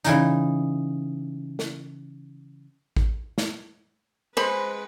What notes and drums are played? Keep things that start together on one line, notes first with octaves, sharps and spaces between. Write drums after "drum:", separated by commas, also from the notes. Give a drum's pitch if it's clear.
C#3 E3 D#4, drum: hi-hat
drum: snare
drum: kick A1
drum: snare
G#3 B4 C5 B5, drum: cymbal